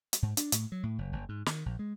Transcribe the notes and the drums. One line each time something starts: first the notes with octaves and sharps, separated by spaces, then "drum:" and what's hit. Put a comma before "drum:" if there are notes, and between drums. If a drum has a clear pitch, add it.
drum: hi-hat
G#2
D4, drum: hi-hat
A2, drum: hi-hat
F#3
A2
F#1
F#1
G#2
D#3, drum: snare
A#1
G#3